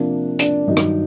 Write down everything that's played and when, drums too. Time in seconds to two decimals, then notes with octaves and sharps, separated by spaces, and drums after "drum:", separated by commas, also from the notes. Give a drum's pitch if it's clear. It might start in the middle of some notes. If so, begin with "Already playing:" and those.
Already playing: C3 F3 A#3 D4
0.39 D4 D5, drum: hi-hat
0.67 G2 D#3 F#3 D#4 D#5
0.77 drum: rim click